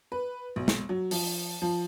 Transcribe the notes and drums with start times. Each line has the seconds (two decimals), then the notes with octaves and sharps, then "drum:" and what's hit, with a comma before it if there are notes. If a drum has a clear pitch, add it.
0.12 B4
0.56 B1
0.68 drum: snare
0.89 F#3
1.11 F3, drum: open hi-hat
1.62 F3